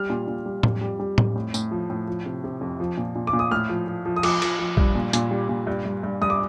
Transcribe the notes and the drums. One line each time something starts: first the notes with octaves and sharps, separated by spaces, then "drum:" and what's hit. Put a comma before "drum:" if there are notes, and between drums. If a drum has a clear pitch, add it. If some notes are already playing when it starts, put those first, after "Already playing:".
Already playing: G3 F6
A#2
A#2
G3
F2, drum: tom A2
G3
G3
F2, drum: tom A2
A2
A2, drum: tambourine
F3
A2
F3
C3
C3
F2
F3
A#2
A#2
D6
A#2
D#6
A2 F6
F3
F3
F3
D#6
F3 D6, drum: cymbal
F3, drum: cymbal
F3
G2, drum: kick A#1
A#2
A#2, drum: hi-hat
G3
A#2
G2
G2
G2
G2 D#6
D6